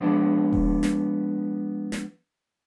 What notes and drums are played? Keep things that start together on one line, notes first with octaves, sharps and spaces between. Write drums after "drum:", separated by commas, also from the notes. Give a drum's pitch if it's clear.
F3 G#3 B3 D4
drum: kick D#1
drum: snare
drum: snare